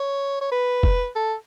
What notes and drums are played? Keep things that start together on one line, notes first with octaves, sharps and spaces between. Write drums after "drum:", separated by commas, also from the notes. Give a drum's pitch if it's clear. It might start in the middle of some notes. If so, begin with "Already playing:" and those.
Already playing: C#5
C#5
B4
drum: kick F1
A4